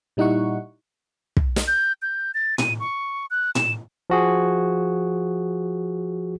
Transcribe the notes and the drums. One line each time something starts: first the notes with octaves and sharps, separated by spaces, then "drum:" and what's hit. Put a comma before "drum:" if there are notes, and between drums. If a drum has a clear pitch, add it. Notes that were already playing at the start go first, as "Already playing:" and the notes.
A#2 G3 D#4 E4 F#5 C#6
drum: kick
drum: snare
G6
G6
A6
D#7, drum: tom A2
C#6
F#6
E7, drum: tom A2
F3 F#4 G#4